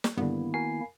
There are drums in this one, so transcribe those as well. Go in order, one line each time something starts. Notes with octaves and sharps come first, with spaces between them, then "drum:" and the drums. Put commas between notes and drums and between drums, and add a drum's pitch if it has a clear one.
drum: snare
G2 D3 D#3 A#3 B3 E4
F#4 A#4 G#5 C7